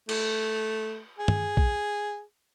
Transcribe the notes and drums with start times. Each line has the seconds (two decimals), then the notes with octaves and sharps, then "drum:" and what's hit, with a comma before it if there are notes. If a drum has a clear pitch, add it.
0.09 A3, drum: cymbal
1.19 G#4
1.28 drum: tom
1.57 drum: kick A#1